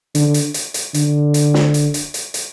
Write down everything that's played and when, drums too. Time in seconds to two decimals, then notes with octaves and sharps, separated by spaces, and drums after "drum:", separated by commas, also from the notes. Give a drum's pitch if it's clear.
0.15 D3, drum: hi-hat
0.34 drum: hi-hat
0.54 drum: hi-hat
0.74 drum: hi-hat
0.94 D3, drum: hi-hat
1.34 drum: hi-hat
1.54 drum: snare
1.74 drum: hi-hat
1.94 drum: hi-hat
2.14 drum: hi-hat
2.34 drum: hi-hat